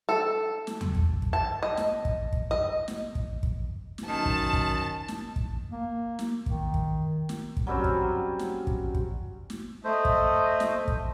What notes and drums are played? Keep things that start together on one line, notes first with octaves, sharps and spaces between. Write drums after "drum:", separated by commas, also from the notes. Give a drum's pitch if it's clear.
A4
drum: snare
drum: tom E2
drum: kick
drum: kick
A5
D#5
drum: snare
drum: kick
drum: kick
D#5
drum: snare
drum: kick
drum: kick
drum: snare
F#2 D#3 A5
drum: kick
drum: kick
drum: snare
drum: kick
A#3
drum: snare
D#3, drum: kick
drum: kick
drum: snare
drum: kick
F#3 G3 C4 C#4
drum: kick
drum: snare
drum: kick
drum: kick
drum: snare
A3 C5 D#5
drum: kick
drum: snare
drum: kick